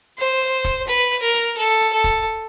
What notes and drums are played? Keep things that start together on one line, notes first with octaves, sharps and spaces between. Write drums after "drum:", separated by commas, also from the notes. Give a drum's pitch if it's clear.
C5, drum: open hi-hat
drum: open hi-hat
drum: kick E1, hi-hat
B4, drum: hi-hat
drum: open hi-hat
A#4
drum: hi-hat
A4
drum: hi-hat
A4
drum: kick E1, hi-hat